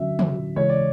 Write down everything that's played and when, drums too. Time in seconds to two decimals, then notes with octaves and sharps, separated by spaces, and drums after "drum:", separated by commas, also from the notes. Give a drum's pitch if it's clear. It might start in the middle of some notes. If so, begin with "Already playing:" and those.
Already playing: D3 F#3 C#4 F#4 E5
0.19 drum: tom
0.56 C#3 E3 G#3 C#5
0.69 D5